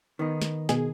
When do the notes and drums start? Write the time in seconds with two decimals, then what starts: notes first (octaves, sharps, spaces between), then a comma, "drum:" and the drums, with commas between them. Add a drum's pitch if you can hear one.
0.19 D#3 B3 D#4
0.42 drum: snare
0.69 B2 G#4, drum: snare